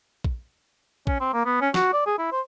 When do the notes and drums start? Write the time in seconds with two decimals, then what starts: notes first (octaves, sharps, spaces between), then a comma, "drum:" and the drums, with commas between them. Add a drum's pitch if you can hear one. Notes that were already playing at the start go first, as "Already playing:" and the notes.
0.24 drum: kick
1.07 C#4, drum: kick
1.20 C4
1.34 A#3
1.46 B3
1.61 C#4
1.74 F#4, drum: snare
1.93 D5
2.06 G#4
2.18 E4
2.32 C5